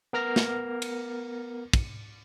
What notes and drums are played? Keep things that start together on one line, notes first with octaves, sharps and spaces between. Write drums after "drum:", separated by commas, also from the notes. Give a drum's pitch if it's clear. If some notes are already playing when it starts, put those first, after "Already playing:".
B3 A#4 F6 A#6
drum: snare
drum: cymbal
drum: kick, cymbal